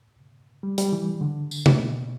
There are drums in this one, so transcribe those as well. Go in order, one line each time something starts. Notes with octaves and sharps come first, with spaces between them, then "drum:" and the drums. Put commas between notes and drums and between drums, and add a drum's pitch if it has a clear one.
G3
G3, drum: hi-hat
E3
D3
drum: tambourine
drum: tom C3
B2